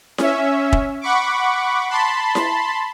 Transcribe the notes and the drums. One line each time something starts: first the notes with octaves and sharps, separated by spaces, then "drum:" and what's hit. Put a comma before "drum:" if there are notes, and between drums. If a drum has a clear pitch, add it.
C#4 E5, drum: snare E4
drum: kick
F#5 B5 C#6 D6
A5 B5 C6
drum: snare E4